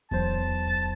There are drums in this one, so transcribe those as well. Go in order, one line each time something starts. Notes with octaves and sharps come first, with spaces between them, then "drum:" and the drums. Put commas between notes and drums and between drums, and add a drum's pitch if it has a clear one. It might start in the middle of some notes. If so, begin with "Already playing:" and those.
E2 F#3 C5 A5, drum: kick D1, hi-hat
drum: hi-hat
drum: hi-hat
drum: kick D1, hi-hat